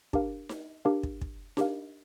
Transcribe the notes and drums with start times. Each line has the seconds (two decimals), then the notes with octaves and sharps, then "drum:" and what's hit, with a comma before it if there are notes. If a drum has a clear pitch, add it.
0.13 D4 G4 A#4 F5, drum: kick
0.49 drum: snare D#4
0.85 D4 G4 A#4 F5
1.03 drum: kick
1.21 drum: kick
1.57 D4 G4 A#4 F5, drum: snare D#4